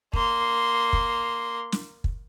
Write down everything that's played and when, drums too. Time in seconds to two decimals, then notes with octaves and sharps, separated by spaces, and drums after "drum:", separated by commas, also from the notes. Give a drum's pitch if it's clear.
0.13 A#3 C6, drum: kick
0.93 drum: kick
1.72 drum: snare
2.04 drum: kick